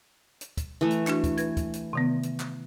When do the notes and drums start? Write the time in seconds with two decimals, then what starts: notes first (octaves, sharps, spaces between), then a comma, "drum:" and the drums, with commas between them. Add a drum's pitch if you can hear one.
0.41 drum: hi-hat
0.57 drum: kick, hi-hat
0.81 E3 A3
0.91 drum: hi-hat
1.07 D4 F#4, drum: clap
1.24 drum: kick, hi-hat
1.38 B4 G#6, drum: hi-hat
1.57 drum: kick, hi-hat
1.73 drum: hi-hat
1.93 C3 D#3 B3
2.23 drum: hi-hat
2.40 drum: clap